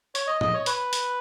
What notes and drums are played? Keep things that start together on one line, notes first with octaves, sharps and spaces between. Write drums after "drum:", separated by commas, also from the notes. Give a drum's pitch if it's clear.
C#5, drum: hi-hat
D#5
D#5, drum: tom A2
C#5
B4, drum: hi-hat
drum: hi-hat